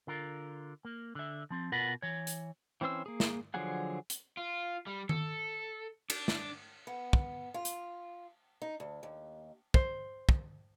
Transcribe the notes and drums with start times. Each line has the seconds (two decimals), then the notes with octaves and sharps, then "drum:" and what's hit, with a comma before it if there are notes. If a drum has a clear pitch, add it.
0.07 D3 F4 A#4
0.85 A#3
1.15 D3 E5
1.50 F3 C4
1.72 B2 F4 A#4 B4 F#5 B5
2.02 E3 C#5
2.27 drum: hi-hat
2.81 E3 C4 C#4 C5 E6
3.06 A#3 G#4
3.20 drum: snare
3.54 D3 F3 F#3 G#4 F#5
4.10 drum: hi-hat
4.37 F4
4.87 G3
5.09 A4, drum: tom D#3
6.10 D4, drum: cymbal
6.28 drum: snare
6.87 B3
7.13 drum: kick
7.54 F4
7.65 drum: hi-hat
8.62 D#4
8.80 D2
9.03 D#2
9.74 C5, drum: kick
10.29 drum: kick